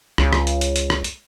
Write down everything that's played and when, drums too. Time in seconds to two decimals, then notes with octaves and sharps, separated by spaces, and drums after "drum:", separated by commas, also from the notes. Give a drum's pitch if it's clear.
0.18 C#2, drum: rim click
0.33 drum: rim click
0.47 drum: hi-hat
0.61 drum: hi-hat
0.76 drum: hi-hat
0.90 drum: rim click
1.04 drum: hi-hat